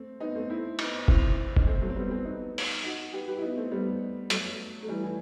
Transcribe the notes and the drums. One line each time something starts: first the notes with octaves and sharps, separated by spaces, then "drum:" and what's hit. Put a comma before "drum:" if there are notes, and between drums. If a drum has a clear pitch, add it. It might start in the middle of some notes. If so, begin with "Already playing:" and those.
Already playing: A3 C4
B3 D#4
A3 C4
C4 E4
B3 D#4, drum: cymbal
C4 E4, drum: kick
D#4, drum: kick
A3 C4
F#3 A3
C4
G3 B3
A3 C4
B3 D#4
drum: open hi-hat
D#4 F#4
G4 B4
G4 B4
E4
B3 D#4
A3 C4
G3 B3
F#3 A3, drum: hi-hat
A3
E3 G3
E3